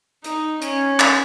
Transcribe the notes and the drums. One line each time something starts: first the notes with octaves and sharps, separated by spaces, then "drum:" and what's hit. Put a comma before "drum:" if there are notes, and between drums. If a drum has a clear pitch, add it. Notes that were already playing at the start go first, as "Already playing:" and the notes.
D#4, drum: hi-hat
C#4, drum: hi-hat
drum: clap